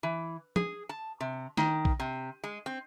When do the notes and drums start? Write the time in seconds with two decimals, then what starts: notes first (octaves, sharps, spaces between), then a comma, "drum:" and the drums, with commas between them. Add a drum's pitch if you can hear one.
0.03 E3
0.56 G#4, drum: tom
0.89 A5
1.20 C3
1.57 D#3, drum: snare
1.85 drum: kick
2.00 C3
2.44 G#3
2.66 C4